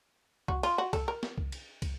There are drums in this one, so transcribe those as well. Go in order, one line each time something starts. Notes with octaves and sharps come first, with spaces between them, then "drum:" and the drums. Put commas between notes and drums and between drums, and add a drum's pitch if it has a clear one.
F#4, drum: kick
F4, drum: cymbal
F#4
A4, drum: kick, cymbal
A#4
drum: snare
drum: kick
drum: cymbal
drum: kick, cymbal